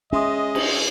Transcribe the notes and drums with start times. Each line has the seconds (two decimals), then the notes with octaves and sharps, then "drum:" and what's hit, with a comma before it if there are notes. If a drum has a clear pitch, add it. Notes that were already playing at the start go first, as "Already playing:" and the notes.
0.13 G#3 C#4 D#5 E5 C6 D#6
0.55 drum: cymbal